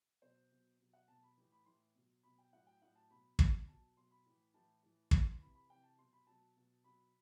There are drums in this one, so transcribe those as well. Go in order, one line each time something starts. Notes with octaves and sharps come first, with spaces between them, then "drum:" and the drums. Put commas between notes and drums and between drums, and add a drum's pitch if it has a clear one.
B2 F#3 C5
B2 F#3
B2 F#3
F#5
B2 F#3 A5
B5
A2 E3
B5
A2 E3 C6
B2 F#3
B2 F#3 B5
G5
A2 F#3 F#5
G5
A2 F#3 F#5
A5
B2 F#3 B5
B2 F#3, drum: kick
B2 F#3 A5
B2 F#3 C6
B5
A2 E3
A2 E3 A5
A2 E3
A2 E3 C6, drum: kick
C6
C3 E3 B5
B5
C3 E3 G5
A5
B2 F#3 C6
B5
B2 F#3 A5
B2 F#3
B2 F#3 B5